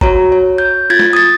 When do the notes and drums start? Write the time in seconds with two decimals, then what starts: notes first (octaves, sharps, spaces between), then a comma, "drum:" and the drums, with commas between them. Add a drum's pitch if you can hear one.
0.01 F#4 C#5 A#5, drum: kick G#1
0.32 C#5
0.58 G6
0.90 F4 G#6 A6
0.99 drum: snare
1.13 D#6 A6